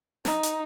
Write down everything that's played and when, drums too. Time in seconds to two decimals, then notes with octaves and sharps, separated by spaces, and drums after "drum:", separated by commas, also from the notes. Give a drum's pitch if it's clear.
0.25 D#4, drum: snare
0.43 drum: hi-hat